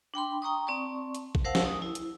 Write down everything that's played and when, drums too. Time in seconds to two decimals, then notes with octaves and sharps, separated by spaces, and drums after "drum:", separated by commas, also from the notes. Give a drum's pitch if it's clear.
0.14 D4 G5 B5 C6
0.42 G5 A#5 C#6 D#6
0.67 C4 D5 A5 C#6
1.15 drum: hi-hat
1.35 drum: kick A#1
1.44 A#4 C5 F5 F#5 A5 E6
1.55 drum: snare
1.65 D#6
1.82 E4
1.95 drum: hi-hat